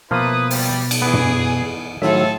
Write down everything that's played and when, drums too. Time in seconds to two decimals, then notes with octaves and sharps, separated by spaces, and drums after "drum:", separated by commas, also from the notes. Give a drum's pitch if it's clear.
0.11 B2 F3 A#3 E4 F4 B4 D#6
0.50 G3, drum: open hi-hat
0.91 drum: cymbal
1.02 E3 B3 G#4
1.14 drum: tom F#2
2.02 A2 D#3 F#3 F4 G#4 A4 E5, drum: snare